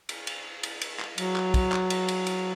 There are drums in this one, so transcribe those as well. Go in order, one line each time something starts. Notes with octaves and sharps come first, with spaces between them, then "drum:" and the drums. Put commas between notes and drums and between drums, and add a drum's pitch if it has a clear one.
drum: cymbal
drum: cymbal
drum: cymbal
drum: cymbal
drum: clap
F#3, drum: cymbal
drum: clap
drum: kick, cymbal
drum: clap
drum: cymbal
drum: cymbal
drum: cymbal